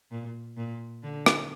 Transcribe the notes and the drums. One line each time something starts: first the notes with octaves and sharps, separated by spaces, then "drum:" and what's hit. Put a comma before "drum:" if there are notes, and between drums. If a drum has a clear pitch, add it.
A#2
A#2
D3
drum: rim click